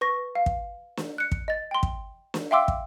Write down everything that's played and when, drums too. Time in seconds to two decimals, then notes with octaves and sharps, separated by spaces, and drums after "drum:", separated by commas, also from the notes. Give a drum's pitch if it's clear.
0.01 B4 C#6 A#6
0.35 F5
0.46 drum: kick
0.97 drum: snare
1.18 F#6 C#7
1.32 drum: kick
1.48 D#5 A6
1.71 G5 C6
1.83 drum: kick
2.34 drum: snare
2.51 E5 F5 G5 C6 D6 E6
2.68 drum: kick